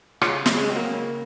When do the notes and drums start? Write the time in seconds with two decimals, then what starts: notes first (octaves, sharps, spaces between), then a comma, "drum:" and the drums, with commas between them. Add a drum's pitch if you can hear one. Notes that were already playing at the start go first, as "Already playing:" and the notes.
0.22 C#3 C#4 F4, drum: rim click
0.46 C#3, drum: snare
0.57 G#3
0.69 F#3 C4
0.76 A#3
0.93 C#3